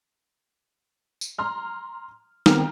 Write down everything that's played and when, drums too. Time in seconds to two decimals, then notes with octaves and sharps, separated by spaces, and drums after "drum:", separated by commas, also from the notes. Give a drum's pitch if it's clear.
1.21 drum: tambourine
1.38 A#5 C6 F6
2.46 D#3 B3 C4 G5 A#5 F6, drum: snare